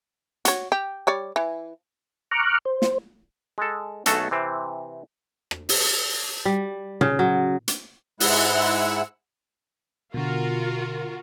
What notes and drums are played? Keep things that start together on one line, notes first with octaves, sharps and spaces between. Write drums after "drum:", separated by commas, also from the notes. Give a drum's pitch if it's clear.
F#4 C#5, drum: hi-hat
G4
G3 C#5 D5
E3
A#5 C#6 D6 F6 F#6
C5
drum: snare
G#3 A4
B1 A3 F#4 G#4 A4 C#5, drum: hi-hat
C3 E3 C4
drum: rim click
drum: open hi-hat
G3
C#3, drum: tom A#2
F#3
drum: hi-hat
G#2 G#3 E4 F#5 E6 F#6, drum: open hi-hat
B2 D3 F4 F#4 A#4